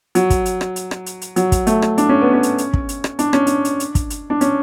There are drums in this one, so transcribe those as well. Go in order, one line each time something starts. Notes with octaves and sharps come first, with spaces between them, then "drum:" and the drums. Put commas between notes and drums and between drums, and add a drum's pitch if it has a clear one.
F#3, drum: hi-hat
drum: kick, hi-hat
drum: hi-hat
drum: rim click
drum: hi-hat
drum: rim click
drum: hi-hat
drum: hi-hat
F#3, drum: hi-hat
drum: kick, hi-hat
A3, drum: hi-hat
drum: rim click
D4, drum: hi-hat
C#4
B3
C#4
drum: hi-hat
drum: hi-hat
drum: kick
drum: hi-hat
drum: rim click
D4, drum: hi-hat
C#4, drum: rim click
D4, drum: hi-hat
drum: hi-hat
drum: hi-hat
drum: kick, hi-hat
drum: hi-hat
D4
C#4, drum: hi-hat